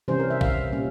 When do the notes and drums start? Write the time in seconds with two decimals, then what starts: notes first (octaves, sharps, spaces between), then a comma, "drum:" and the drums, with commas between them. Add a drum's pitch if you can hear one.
0.08 C3 E3 G3 C#4 C5
0.19 A#4
0.30 E5
0.41 F5, drum: kick
0.72 A#2 G3 C#4